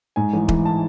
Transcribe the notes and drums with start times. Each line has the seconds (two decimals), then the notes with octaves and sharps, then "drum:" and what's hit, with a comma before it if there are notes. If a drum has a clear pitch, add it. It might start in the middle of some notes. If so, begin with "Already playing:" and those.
0.16 G#2 G#5
0.33 A1
0.48 E3, drum: kick D#1
0.65 A5